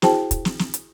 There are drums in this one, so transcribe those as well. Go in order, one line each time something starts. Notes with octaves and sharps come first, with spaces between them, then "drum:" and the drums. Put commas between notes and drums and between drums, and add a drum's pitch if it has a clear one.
E4 F#4 G#4 C5 G5 A5, drum: snare
drum: kick, hi-hat
drum: snare
drum: snare
drum: hi-hat